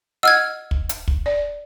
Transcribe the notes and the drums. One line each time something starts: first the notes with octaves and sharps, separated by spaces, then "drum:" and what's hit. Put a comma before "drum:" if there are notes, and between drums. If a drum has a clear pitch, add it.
D#5 F#5 E6 F6 G#6
drum: kick
drum: hi-hat
drum: kick
D5